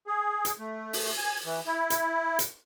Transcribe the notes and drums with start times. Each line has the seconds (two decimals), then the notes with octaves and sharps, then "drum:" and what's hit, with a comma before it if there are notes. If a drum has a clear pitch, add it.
0.07 G#4
0.45 drum: hi-hat
0.59 A3
0.93 drum: open hi-hat
1.17 G#5
1.45 E3
1.66 E4
1.90 drum: hi-hat
2.39 drum: hi-hat